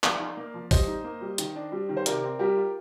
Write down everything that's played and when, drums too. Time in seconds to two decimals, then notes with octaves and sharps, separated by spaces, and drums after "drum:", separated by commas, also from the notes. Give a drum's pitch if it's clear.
0.04 F3 D5 F5, drum: clap
0.20 D#4
0.37 A#3
0.54 F3
0.71 G3 C5 D#5, drum: kick G#1, open hi-hat
0.87 D#4
1.04 A#3
1.21 G3
1.38 D#3, drum: hi-hat
1.56 D4
1.72 G3
1.89 D#3
1.97 C5
2.06 C3 A#4 D5, drum: hi-hat
2.23 C4
2.39 G3 G4 A#4
2.56 F4